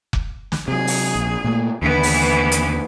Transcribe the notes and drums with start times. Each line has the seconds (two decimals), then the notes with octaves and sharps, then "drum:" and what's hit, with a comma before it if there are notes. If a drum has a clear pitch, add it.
0.13 drum: kick F1
0.52 drum: snare
0.68 C3 F#3 G#4
0.87 drum: open hi-hat
1.15 A#1
1.44 A#2 G3 A3
1.82 D#2 D3 E3 B3
2.03 drum: open hi-hat
2.52 drum: hi-hat